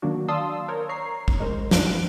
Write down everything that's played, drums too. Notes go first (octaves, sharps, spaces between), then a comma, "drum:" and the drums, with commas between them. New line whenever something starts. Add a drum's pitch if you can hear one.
D#3 F#3 A#3 D4 F#4
D5 F5 A5 C6 D#6 E6
A#4 C5 C#5
C#5 A#5 C#6 C7
drum: kick
G#3 A#4 C5
F#2 F3 D4 F#6 D7, drum: snare